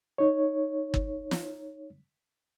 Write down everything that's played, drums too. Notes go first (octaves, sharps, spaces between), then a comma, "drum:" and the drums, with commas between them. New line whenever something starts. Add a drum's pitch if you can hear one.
D#4 C#5
drum: kick G1
drum: snare